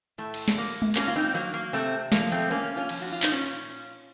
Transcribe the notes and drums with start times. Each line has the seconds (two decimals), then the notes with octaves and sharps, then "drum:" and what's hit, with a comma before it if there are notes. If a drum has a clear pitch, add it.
0.18 A2 A3
0.34 drum: cymbal
0.48 drum: snare
0.58 F#3 A#3
0.82 drum: tom G#3
0.95 A2 A#3 C#4, drum: clap
1.08 F4
1.16 C4 D#4
1.34 F#3 A#3, drum: hi-hat
1.54 A#3
1.73 C3 A3 C4
2.12 F3 A#3, drum: snare
2.32 A3 C4
2.51 C3 A#3 C#4
2.76 C#4 F4
2.89 F3, drum: cymbal
3.02 F#4
3.12 F4
3.23 D#4, drum: clap
3.29 A#2 C#4 F4